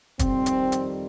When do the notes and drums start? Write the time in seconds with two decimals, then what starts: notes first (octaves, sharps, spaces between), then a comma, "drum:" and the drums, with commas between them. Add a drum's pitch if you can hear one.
0.19 F2 D#3 G3 C4, drum: kick, hi-hat
0.46 drum: hi-hat
0.72 drum: hi-hat